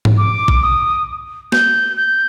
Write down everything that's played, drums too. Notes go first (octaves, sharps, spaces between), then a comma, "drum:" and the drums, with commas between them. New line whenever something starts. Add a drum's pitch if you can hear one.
drum: tom G#2
D6
drum: kick
D#6
G6, drum: snare
G6